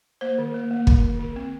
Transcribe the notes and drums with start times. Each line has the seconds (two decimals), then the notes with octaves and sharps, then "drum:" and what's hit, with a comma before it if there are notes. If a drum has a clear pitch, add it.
0.21 A#3 C5
0.38 D#3
0.54 A#3
0.71 A#3
0.87 D#3, drum: kick
1.03 D#3
1.19 D#3
1.36 C4